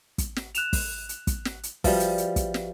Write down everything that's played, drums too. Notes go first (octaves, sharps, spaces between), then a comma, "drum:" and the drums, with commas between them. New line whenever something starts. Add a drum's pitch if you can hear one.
drum: kick, hi-hat
drum: snare
F#6 E7 F7, drum: hi-hat
drum: kick, open hi-hat
drum: hi-hat
drum: kick, hi-hat
drum: snare
drum: hi-hat
F3 G3 F#4 B4 E5, drum: kick, open hi-hat
drum: hi-hat
drum: hi-hat
drum: kick, hi-hat
drum: snare